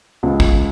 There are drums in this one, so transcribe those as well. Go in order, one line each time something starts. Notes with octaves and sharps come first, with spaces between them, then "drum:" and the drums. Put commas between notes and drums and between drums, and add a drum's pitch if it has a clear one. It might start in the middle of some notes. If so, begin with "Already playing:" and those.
C#2
drum: kick